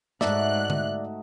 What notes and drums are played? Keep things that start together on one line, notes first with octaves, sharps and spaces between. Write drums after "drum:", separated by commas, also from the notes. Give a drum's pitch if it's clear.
G#2 A3 D#4 F#4 D5 E5 F#6, drum: snare
drum: tom D3